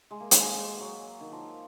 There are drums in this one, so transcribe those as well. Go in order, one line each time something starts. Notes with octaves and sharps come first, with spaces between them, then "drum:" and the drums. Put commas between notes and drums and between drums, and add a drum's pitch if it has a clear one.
G#3
A#3
G#3, drum: hi-hat
F#3
D#3
F3